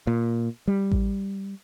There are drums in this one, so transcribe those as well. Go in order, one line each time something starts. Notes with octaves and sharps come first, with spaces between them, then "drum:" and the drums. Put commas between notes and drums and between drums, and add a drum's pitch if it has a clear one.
A#2
G3
drum: kick A1